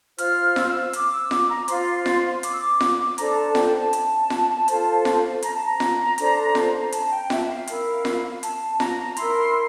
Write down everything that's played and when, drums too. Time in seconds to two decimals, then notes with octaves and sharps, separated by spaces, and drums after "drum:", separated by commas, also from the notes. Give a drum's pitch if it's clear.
0.18 F4 C5 F6, drum: hi-hat
0.56 E6, drum: snare F4
0.64 F6
0.72 E6
0.93 D6, drum: hi-hat
1.12 E6
1.31 D6, drum: snare F4
1.49 A#5
1.64 D6
1.68 F4 C5 C6, drum: hi-hat
2.06 drum: snare F4
2.43 D6, drum: hi-hat
2.51 E6
2.59 D6
2.81 drum: snare F4
3.18 D4 A4 C5 A#5, drum: hi-hat
3.37 A5
3.55 G5, drum: snare F4
3.74 A5
3.93 drum: hi-hat
4.30 drum: snare F4
4.68 F4 A4 C5, drum: hi-hat
5.05 drum: snare F4
5.42 A#5, drum: hi-hat
5.54 A5
5.65 A#5
5.80 drum: snare F4
6.18 D4 A4 C5, drum: hi-hat
6.55 drum: snare F4
6.92 A5, drum: hi-hat
7.11 G5
7.30 E5, drum: snare F4
7.49 F5
7.67 E4 A#4, drum: hi-hat
8.05 drum: snare F4
8.43 A5, drum: hi-hat
8.80 A#5, drum: snare F4
9.17 E4 A#4 C6, drum: hi-hat